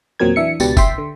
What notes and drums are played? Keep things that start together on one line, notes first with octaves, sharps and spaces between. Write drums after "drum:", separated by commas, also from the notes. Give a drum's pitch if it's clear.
E2 A#2 F#3 C4 A#4 G#6
E3 D4 E5 C#7
C#2 B2 D4 G4 B4 A6, drum: tambourine
E5 G5 C6 B6, drum: kick F1, tambourine
D3